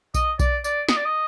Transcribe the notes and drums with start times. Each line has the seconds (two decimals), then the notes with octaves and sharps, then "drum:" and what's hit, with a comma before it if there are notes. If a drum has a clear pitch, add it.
0.14 D#5, drum: kick B1, tambourine
0.39 D5, drum: kick B1, tambourine
0.64 D5, drum: tambourine
0.89 D#5, drum: snare
0.97 D5
1.05 D#5